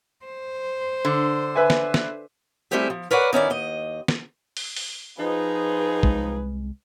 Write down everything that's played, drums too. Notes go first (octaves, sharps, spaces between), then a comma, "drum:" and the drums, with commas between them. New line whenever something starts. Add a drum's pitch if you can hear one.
C5
D3
B4 E5 G#5
drum: snare
drum: snare
G3 A3 C4 E4 G4 G#4
F3
A#4 B4 C#5 D5 F#5
D#3 C#4 E4 D5
D#2 D#5
drum: snare
drum: open hi-hat
drum: open hi-hat
F3 D#4 G#4 B4
C2 G#3, drum: kick